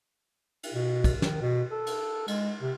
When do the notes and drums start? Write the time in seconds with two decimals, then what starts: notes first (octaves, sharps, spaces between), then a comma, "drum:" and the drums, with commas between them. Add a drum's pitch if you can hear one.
0.63 drum: cymbal
0.74 B2
1.04 drum: kick, cymbal
1.22 D#3, drum: snare
1.41 B2
1.71 A4
1.87 drum: cymbal
2.28 G#3, drum: cymbal
2.62 C3